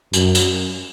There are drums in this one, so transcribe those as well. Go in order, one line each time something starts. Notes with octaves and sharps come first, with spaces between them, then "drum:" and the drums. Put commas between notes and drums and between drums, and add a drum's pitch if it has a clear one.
F#2, drum: tambourine
drum: tambourine